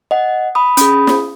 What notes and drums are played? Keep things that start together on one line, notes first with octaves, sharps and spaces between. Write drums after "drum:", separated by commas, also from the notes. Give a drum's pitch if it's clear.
D#5 F#5
B5 D#6
C#4 G#4 B5 D#6, drum: hi-hat
drum: snare